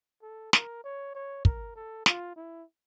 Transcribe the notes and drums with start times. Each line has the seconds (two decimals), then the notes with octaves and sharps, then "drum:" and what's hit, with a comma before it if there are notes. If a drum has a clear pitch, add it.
0.22 A4
0.53 A#4, drum: snare
0.83 C#5
1.15 C#5
1.45 A#4, drum: kick
1.75 A4
2.06 F4, drum: snare
2.36 E4